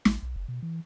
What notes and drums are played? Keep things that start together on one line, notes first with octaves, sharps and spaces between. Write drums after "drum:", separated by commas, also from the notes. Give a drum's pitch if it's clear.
A1, drum: snare
B1
F#1
B2
E3